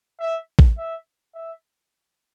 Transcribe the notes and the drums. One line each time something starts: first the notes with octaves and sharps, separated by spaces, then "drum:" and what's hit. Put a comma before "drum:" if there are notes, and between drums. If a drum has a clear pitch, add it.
E5
drum: kick A1
E5
E5